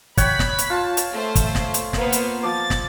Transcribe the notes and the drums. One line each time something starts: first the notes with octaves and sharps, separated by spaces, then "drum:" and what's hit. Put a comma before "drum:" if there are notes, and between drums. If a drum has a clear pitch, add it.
C#5 F#5 G5 B5 B6, drum: kick, hi-hat
drum: snare
drum: hi-hat
F4 A5
drum: hi-hat
A3 C5 A5
drum: kick, hi-hat
drum: snare
drum: hi-hat
A#3 B3 C5, drum: snare
drum: hi-hat
F3 D6 A6
drum: snare